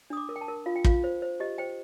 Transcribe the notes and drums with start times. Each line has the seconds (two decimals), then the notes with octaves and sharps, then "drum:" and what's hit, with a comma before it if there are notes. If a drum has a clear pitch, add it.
0.10 D4 D#6
0.17 D6
0.29 A#4
0.36 G5
0.41 A5
0.48 A#4
0.66 F4 F5
0.76 G5
0.84 F4 F5, drum: kick
1.04 C5
1.22 C5
1.40 G4 D#5
1.58 C5 G5